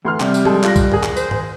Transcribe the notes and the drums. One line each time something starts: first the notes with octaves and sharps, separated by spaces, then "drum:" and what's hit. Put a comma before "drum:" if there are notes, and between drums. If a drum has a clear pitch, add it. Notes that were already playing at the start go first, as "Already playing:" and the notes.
D2 E3 C6 F6
C3 G3, drum: clap
drum: tambourine
G#3 A4, drum: tom F3
F4 F#6 A#6, drum: clap
drum: kick C2, tambourine
G#4 A#4, drum: tom G2
drum: clap
C5, drum: tambourine
drum: tom G2